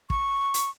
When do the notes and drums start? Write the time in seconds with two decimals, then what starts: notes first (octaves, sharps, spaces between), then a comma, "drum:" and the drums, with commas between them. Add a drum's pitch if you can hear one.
0.10 C#6, drum: kick
0.54 drum: hi-hat